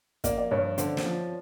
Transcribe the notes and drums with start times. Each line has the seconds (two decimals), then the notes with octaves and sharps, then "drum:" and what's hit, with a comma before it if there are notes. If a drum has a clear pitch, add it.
0.24 A#3 D5, drum: kick, hi-hat
0.38 D5
0.51 G2 C#5
0.64 C#5
0.78 D3 C5, drum: hi-hat
0.97 C5, drum: snare
1.05 F3